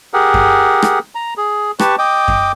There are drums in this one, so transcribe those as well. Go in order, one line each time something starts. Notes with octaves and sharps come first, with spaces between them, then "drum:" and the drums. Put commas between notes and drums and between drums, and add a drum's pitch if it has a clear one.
G4 G#4 A#4 F#5
drum: kick F#2
drum: rim click
A#5
G#4
G4 B4 A5 C#6, drum: rim click
D#5 G5 D6
drum: kick F#2